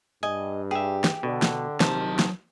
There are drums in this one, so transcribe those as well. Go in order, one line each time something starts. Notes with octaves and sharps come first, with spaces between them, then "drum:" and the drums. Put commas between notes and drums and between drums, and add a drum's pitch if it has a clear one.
G2 D#5 G#5
G4 G#4 E5
drum: snare
B2 D3
drum: snare
A#1 C3 D#3 F#3 A5, drum: snare
drum: snare